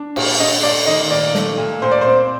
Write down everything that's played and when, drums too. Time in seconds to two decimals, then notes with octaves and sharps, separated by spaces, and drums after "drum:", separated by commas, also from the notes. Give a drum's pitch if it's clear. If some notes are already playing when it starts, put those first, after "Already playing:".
Already playing: D4
0.16 A#2, drum: cymbal
0.39 D4 D#5
0.63 A3 D5
0.86 D#3 D#5
1.11 A#2 D5
1.35 A3, drum: snare
1.58 A#2
1.82 A#2 C5
1.91 D5
2.01 C5
2.06 C4